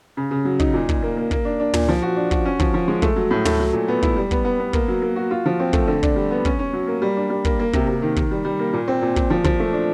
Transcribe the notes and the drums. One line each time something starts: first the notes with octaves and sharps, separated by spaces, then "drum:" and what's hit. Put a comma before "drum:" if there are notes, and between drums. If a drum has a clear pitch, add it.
C#3
C#3
F#3
D#4, drum: kick
A#2
A#2, drum: kick
A#3
A#3
A#3, drum: kick
D4
D4
A#2, drum: tom
F3
F#4
D4
F#4, drum: kick
C#4
F3, drum: kick
F3
G#3
A3, drum: kick
F#3
A2
A3, drum: tom
F#3
A#2
B3
E4, drum: kick
G3
B3, drum: kick
B3
B3
A#3, drum: kick
F#3
A#3
F#4
F4
F3
C4
A3, drum: kick
D3
D4, drum: kick
G3
B3
C#4, drum: kick
C#4
F#3
A#3
G3
D4
G3
A#3, drum: kick
A#3
C3, drum: kick
C3
D#3
D#3, drum: kick
G3
G3
A#3
A#2
C4
A#2
A#2, drum: kick
F3
F3, drum: kick
A3
D4